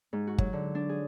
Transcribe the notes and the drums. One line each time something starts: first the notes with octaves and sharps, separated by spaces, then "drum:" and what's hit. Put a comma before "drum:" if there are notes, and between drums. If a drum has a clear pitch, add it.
G#2
F#4
F#3, drum: kick G1
D3
D4
G#4